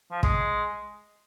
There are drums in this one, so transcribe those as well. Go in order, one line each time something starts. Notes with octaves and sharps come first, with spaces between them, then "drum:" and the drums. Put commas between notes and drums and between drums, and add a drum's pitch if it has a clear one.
F3
G#3, drum: kick